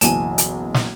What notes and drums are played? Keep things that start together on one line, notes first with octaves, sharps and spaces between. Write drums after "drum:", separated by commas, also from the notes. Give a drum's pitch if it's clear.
F#1 B1 E3 G#5 A5, drum: hi-hat
drum: hi-hat
drum: snare